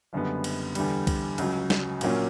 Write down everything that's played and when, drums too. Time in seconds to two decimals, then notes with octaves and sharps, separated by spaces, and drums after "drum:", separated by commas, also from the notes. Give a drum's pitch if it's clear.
0.13 F#1 F#2 D3 G3 B3
0.44 drum: cymbal
0.75 E2 D3 G3, drum: cymbal
1.07 drum: kick, cymbal
1.38 C#2 C#3 F#3, drum: cymbal
1.70 drum: snare
2.01 A#1 A#2 F#3 A#3 C#4, drum: cymbal